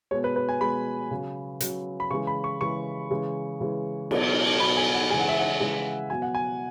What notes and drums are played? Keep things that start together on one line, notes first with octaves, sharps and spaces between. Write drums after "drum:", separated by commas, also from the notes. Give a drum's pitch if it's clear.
B2 G#3 C#5
B4
B4
G#5
B2 G#3 B5
C#3 F#3
C#3 F#3, drum: hi-hat
B5
C#3 E3 G#3 C#6
B5
C#6
C#3 E3 G#3 C#6
C#3 E3 G#3
C#3 E3 G#3
B2 F#3, drum: cymbal
B2 F#3 B5
G#5
F#5
C#3 E3 G#3 G#5
F#5
E5
F#5
C#3 E3 G#3
B2 F#3 G#5
F#5
G#5